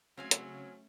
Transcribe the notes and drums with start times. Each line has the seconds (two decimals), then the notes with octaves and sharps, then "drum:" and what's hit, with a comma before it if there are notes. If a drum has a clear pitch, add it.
0.17 C#3 F#3 A3 C4 C#4 F5 G#5
0.31 drum: hi-hat